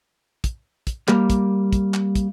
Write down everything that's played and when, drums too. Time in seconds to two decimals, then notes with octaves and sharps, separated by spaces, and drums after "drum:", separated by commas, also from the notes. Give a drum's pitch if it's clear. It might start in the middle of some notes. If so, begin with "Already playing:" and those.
0.44 drum: kick, hi-hat
0.87 drum: kick, hi-hat
1.08 G3 A#3, drum: clap
1.30 drum: kick, hi-hat
1.73 drum: kick, hi-hat
1.94 drum: clap
2.15 drum: kick, hi-hat